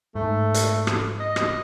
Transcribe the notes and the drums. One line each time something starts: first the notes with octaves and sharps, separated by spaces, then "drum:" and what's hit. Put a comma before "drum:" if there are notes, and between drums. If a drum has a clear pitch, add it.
G#2 A3
drum: hi-hat
drum: rim click
D#5
drum: rim click